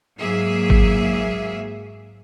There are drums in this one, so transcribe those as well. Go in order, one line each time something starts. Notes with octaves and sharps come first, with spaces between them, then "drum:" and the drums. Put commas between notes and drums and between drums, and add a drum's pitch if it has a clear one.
G#2 F#3 A#3 G#4 E5
drum: kick G1